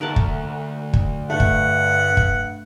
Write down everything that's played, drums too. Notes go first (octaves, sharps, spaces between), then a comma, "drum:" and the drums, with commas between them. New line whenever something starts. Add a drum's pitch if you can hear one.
D2 A#4 F#5 A5
drum: kick
drum: kick
G2 A3 F#5
drum: kick
drum: kick